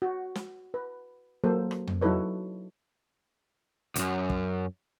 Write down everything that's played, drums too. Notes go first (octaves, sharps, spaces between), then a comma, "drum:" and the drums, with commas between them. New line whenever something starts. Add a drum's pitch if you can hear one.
F#4
drum: snare
B4
F#3 A#3 A4 C5
drum: rim click
drum: tom F2
F#3 D#4 E4 A4 B4 C#5
C#2 F#2, drum: hi-hat
drum: kick